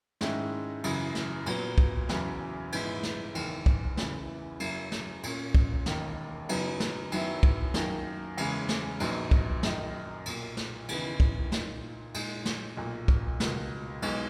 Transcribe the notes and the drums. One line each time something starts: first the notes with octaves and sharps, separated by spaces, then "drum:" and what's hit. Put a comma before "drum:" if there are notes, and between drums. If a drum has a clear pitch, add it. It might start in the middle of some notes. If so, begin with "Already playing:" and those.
G#2 D#3 G#3 C#4 E4, drum: snare
F#2 C#3 E3, drum: cymbal
drum: snare
A#2 F#3 B3, drum: cymbal
drum: kick
F#1 E2 C#3 F#3, drum: snare
A#1 G#2 E3 B3 E4, drum: cymbal
drum: snare
F#1 E2 D#3 A#3, drum: cymbal
drum: kick
F#1 E2 C#3 E3, drum: snare
F#2 C#3 F#3 A#3 E4, drum: cymbal
drum: snare
A#2 A#3 C#4, drum: cymbal
drum: kick
E1 D#2 D#3 A#3, drum: snare
F#2 C#3 F#3 B3 D#4, drum: cymbal
drum: snare
F#2 D#3 F#3 B3 E4, drum: cymbal
drum: kick
F#2 D#3 A#3, drum: snare
E2 C#3 G#3, drum: cymbal
drum: snare
A#1 A#2 F#3 B3 D#4, drum: cymbal
drum: kick
F#2 D#3 A#3 D#4, drum: snare
B1 A#2 A#3, drum: cymbal
drum: snare
D#2 C#3 E3 B3 D#4, drum: cymbal
drum: kick
A#2 A#3 D#4, drum: snare
A#2 G#3 D#4, drum: cymbal
drum: snare
B1 A#2 A#3
drum: kick
C#2 B2 A#3, drum: snare
B1 B2 G#3 D#4, drum: cymbal